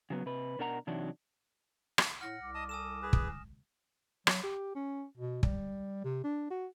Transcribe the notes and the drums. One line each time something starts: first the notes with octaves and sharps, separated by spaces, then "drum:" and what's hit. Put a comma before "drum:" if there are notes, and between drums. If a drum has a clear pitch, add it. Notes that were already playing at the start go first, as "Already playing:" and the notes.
C#3 F#3 B3
C3 B4
B2 D4 A#4 F#5 A#5
C3 E3 F#3 D4 D#4 F#4
drum: rim click
A2 F#5 F6 A#6
C2 D6
D#5 A5 D#6
A4 G#5 D#6 E7
G#4 B4
drum: kick
F#3, drum: rim click
G4
C#4
B2
G3, drum: kick
C3
D4
F#4